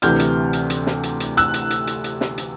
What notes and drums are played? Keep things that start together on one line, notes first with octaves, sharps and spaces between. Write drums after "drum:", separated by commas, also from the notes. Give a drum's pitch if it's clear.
D2 C3 E3 F6 G6, drum: hi-hat
drum: hi-hat
drum: hi-hat
drum: hi-hat
drum: snare
drum: hi-hat
drum: hi-hat
E6 F#6, drum: hi-hat
drum: hi-hat
drum: hi-hat
drum: hi-hat
drum: hi-hat
drum: snare
drum: hi-hat